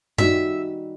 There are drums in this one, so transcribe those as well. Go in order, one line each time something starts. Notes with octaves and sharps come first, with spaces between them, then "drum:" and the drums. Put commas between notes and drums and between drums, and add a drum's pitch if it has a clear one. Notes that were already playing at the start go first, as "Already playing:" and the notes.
D#3 G3 D#4 F#4 E5, drum: tom F#2